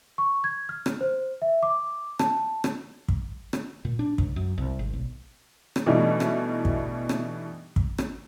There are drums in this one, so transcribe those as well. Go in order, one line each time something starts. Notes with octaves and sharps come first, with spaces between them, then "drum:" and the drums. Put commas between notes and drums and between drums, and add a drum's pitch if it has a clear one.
C#6
G#6
F6
drum: rim click
C5
E5
D6
A5, drum: rim click
drum: rim click
drum: kick
drum: rim click
A#2
D4
C#2, drum: kick
F#2
C2
G#1
B1
drum: rim click
B2 E3 G3 A3 D4 D#4
drum: rim click
drum: kick
drum: rim click
drum: kick
drum: rim click